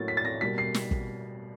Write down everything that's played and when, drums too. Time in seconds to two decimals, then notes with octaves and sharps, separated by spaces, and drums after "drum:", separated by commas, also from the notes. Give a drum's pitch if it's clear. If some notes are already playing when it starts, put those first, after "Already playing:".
Already playing: A2 F#3 A#3 C#4 A6
0.08 B6
0.17 A6
0.25 A#6
0.41 B2 G3 A#3 B6
0.58 C7
0.74 drum: snare
0.91 drum: kick